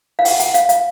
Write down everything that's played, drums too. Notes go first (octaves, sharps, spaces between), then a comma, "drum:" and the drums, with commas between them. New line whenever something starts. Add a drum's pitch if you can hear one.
F5
F#5, drum: open hi-hat
F#5, drum: hi-hat
F5, drum: hi-hat
F5, drum: hi-hat